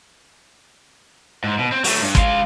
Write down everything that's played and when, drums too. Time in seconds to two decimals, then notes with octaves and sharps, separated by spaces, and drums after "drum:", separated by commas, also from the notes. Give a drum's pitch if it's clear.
1.44 G#2
1.58 B2
1.72 C4
1.84 F#3 A3, drum: open hi-hat
2.01 G2
2.15 G#3 F5, drum: kick